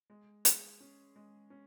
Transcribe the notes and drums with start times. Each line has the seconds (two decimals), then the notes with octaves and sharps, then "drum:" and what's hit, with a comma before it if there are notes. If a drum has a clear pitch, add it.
0.10 G#3
0.45 G#4, drum: hi-hat
0.80 C#4
1.16 G#3
1.50 C#4